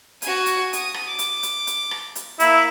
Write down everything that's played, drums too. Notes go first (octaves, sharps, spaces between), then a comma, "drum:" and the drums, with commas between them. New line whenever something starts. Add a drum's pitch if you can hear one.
F#4 G#5, drum: hi-hat
drum: hi-hat
D#6, drum: hi-hat
drum: rim click
D6
drum: hi-hat
drum: hi-hat
drum: hi-hat
drum: rim click
drum: hi-hat
A#3 E4, drum: hi-hat